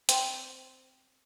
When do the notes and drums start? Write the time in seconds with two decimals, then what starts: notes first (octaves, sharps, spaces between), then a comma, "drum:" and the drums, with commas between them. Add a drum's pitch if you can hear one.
0.09 C4, drum: hi-hat